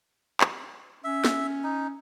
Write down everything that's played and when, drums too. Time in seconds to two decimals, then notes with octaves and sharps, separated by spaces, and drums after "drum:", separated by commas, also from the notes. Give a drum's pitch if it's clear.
0.41 drum: clap
1.04 C#4 E5
1.24 drum: snare
1.64 D#4